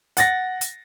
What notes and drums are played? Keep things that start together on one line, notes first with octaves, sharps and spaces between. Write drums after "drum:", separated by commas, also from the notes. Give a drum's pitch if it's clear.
F#5 A6 A#6, drum: hi-hat
drum: hi-hat